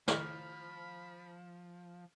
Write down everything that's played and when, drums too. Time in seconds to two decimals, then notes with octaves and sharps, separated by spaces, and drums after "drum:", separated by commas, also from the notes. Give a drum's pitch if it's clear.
0.08 D#3 F3 A3 E4 B5 F6, drum: snare